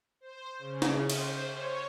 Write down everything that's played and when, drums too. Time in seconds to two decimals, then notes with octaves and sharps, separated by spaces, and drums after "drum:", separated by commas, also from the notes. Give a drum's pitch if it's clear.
0.21 C5
0.59 C#3
0.82 drum: snare
1.10 C5, drum: cymbal
1.50 C#5